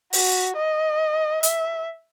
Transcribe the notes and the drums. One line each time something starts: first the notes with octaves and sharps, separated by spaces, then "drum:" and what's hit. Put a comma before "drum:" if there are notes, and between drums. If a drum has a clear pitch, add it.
F#4, drum: open hi-hat
D#5
E5, drum: hi-hat